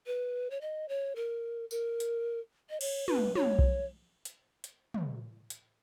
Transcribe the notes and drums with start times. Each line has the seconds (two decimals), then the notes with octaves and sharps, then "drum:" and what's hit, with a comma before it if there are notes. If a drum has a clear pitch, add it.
0.07 B4
0.51 C#5
0.61 D#5
0.89 C#5
1.16 A#4
1.71 A#4, drum: tambourine
2.00 drum: hi-hat
2.70 D#5
2.81 C#5, drum: cymbal
3.08 B4, drum: tom
3.35 C#5, drum: tom
3.59 drum: kick B1
4.25 drum: hi-hat
4.64 drum: hi-hat
4.94 drum: tom
5.50 drum: hi-hat